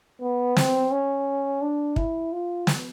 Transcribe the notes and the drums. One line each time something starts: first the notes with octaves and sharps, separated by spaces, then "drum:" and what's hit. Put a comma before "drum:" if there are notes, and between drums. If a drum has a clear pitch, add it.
B3
C4, drum: snare
C#4
D4
E4, drum: kick
F4
drum: snare